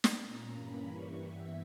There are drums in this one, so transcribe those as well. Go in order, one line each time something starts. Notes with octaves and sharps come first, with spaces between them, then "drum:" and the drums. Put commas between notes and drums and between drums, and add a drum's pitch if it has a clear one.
drum: snare
A#2 A#3 C#4 A#5
G2 E3 G3 A#3 C#4 B5
G2 E3 G3 C#6
G2 E3 B3 E5